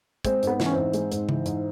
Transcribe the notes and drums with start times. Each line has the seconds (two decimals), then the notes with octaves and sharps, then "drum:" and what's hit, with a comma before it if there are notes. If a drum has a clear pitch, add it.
0.25 G#3 C4, drum: kick, hi-hat
0.43 G#2 B3, drum: hi-hat
0.60 E3, drum: snare
0.66 C#4
0.71 G#2 C4
0.93 G#3, drum: hi-hat
1.12 G#2, drum: hi-hat
1.29 E3, drum: tom C#3
1.46 G#2, drum: hi-hat